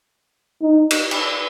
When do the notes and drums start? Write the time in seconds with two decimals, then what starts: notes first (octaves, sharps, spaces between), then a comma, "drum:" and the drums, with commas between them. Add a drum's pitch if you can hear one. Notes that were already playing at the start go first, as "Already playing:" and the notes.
0.62 D#4
0.91 drum: cymbal
1.11 drum: cymbal